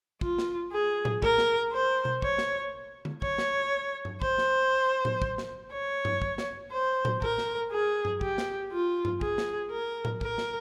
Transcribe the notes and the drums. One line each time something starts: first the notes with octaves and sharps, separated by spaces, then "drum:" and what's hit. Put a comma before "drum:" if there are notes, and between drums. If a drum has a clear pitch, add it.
F4, drum: kick
drum: snare
G#4
drum: tom A2
A#4, drum: kick
drum: snare
C5
drum: tom B2
C#5, drum: kick
drum: snare
drum: tom D3
C#5, drum: kick
drum: snare
drum: tom G2
C5, drum: kick
drum: snare
drum: tom A2
drum: kick
drum: snare
C#5
drum: tom G2
drum: kick
drum: snare
C5
drum: tom A2
A#4, drum: kick
drum: snare
G#4
drum: tom G2
G4, drum: kick
drum: snare
F4
drum: tom G2
G#4, drum: kick
drum: snare
A#4
drum: tom A2
A#4, drum: kick
drum: snare